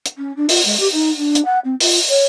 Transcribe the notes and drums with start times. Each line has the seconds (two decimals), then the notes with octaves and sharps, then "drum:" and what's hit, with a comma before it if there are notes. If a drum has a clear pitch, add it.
0.06 drum: hi-hat
0.18 C#4
0.36 D4
0.49 F4, drum: open hi-hat
0.65 G#3
0.80 G4
0.92 D#4
1.17 D4
1.35 drum: hi-hat
1.45 F#5
1.64 C4
1.80 F4, drum: open hi-hat
2.08 C#5